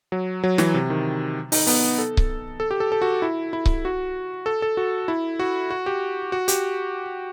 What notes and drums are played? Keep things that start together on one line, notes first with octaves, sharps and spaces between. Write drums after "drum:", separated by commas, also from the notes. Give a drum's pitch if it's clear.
F#3
F#3
E3, drum: snare
C3
D#3
D#4, drum: open hi-hat
B3, drum: open hi-hat
A4
drum: kick C#1
A4
G4
A4
A4
F#4
E4
E4
drum: kick C#1
F#4
A4
A4
F#4
E4
F#4
F#4
G4
F#4
G4, drum: hi-hat